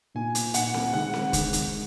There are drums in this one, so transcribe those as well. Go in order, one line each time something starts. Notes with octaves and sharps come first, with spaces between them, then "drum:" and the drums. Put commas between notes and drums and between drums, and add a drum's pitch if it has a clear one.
A#2 A#3 D#4 G#5
drum: hi-hat
A#2 A#3 D#4 F#5, drum: hi-hat
drum: snare C4
D#3 G#3 D#4 F#5
drum: snare C4
D#3 G#3 D#4, drum: kick, hi-hat
drum: hi-hat